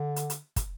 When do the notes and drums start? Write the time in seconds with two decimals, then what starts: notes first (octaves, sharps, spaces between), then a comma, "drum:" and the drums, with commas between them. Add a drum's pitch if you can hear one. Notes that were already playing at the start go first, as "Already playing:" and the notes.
Already playing: D3
0.16 drum: hi-hat
0.30 drum: hi-hat
0.56 drum: kick, hi-hat